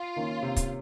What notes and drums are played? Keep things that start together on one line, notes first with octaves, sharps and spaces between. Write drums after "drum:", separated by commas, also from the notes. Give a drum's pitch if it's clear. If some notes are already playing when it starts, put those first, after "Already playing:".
Already playing: F4
D#3 A#3 C#4
C3
drum: kick, hi-hat